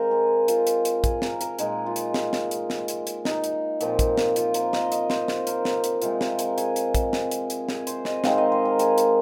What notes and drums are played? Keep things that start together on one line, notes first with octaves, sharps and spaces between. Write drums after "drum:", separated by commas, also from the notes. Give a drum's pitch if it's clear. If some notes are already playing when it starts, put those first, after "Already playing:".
Already playing: D#3 G#3 C4 D#4 A#4 C5 D#5 F5
G#4
F4, drum: hi-hat
drum: hi-hat
drum: hi-hat
G#4, drum: kick, hi-hat
A#4, drum: snare
A#4, drum: hi-hat
A#2 G#3 D#4 G#4, drum: hi-hat
F4
drum: hi-hat
drum: snare
drum: snare
drum: hi-hat
drum: snare
drum: hi-hat
drum: hi-hat
D#4, drum: snare
drum: hi-hat
A#2 F3 C4, drum: hi-hat
drum: kick, hi-hat
drum: snare
F4, drum: hi-hat
A#4, drum: hi-hat
D#5, drum: snare
D#5, drum: hi-hat
C5, drum: snare
drum: snare
A#4, drum: hi-hat
drum: snare
drum: hi-hat
C3 G#3 C4 D#4 F4, drum: hi-hat
D#5, drum: snare
A#4, drum: hi-hat
G#4, drum: hi-hat
drum: hi-hat
drum: kick, hi-hat
drum: snare
drum: hi-hat
drum: hi-hat
G#4, drum: snare
C5, drum: hi-hat
D#5, drum: snare
D#3 G#3 C4 D#4 F5, drum: snare
D#5
C5
A#4
G#4, drum: hi-hat
drum: hi-hat